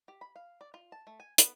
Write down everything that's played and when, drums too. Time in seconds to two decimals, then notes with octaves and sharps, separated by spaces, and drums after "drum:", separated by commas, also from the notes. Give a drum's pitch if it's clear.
0.08 G4
0.21 B5
0.36 F5
0.61 D5
0.74 F4
0.92 A5
1.07 A3
1.20 G#5
1.38 B3, drum: hi-hat